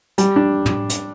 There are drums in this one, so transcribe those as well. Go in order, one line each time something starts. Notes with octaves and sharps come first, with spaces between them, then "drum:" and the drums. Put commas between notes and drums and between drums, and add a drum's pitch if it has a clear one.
G3, drum: hi-hat
D4
drum: tom
drum: hi-hat